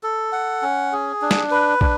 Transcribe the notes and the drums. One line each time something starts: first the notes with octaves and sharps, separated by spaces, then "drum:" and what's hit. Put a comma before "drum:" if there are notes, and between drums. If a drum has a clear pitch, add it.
A4
F#5
C#4
G#4
D4
drum: snare
B4
D4, drum: kick